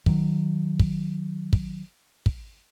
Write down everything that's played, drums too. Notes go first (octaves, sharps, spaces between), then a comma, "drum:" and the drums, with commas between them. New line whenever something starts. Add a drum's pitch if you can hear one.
D#3 F#3, drum: kick
drum: kick
drum: kick
drum: kick